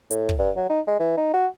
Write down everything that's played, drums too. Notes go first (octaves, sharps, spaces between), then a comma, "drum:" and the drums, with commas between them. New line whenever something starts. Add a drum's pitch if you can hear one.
A2, drum: hi-hat
drum: kick
G2
F#3
D#4
G#3
E3
D#4
F#4